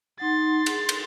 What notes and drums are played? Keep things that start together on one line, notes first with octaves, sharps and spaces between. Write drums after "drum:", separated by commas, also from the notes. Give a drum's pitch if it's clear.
D#4 F#5 C6 A6
G#4, drum: cymbal
drum: cymbal